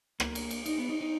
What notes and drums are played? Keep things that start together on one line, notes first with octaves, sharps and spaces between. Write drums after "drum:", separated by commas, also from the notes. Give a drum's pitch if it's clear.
A#3, drum: rim click
drum: cymbal
drum: cymbal
D#4, drum: cymbal
B3
D#4
D#4